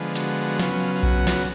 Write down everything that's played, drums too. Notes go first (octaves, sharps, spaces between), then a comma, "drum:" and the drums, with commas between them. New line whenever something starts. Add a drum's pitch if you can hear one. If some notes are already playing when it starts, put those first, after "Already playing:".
Already playing: D3 F3 G#3 B3
F#4, drum: hi-hat
C#3 F#3 B3 F4, drum: snare
F4
F4
F#4, drum: kick B1
drum: snare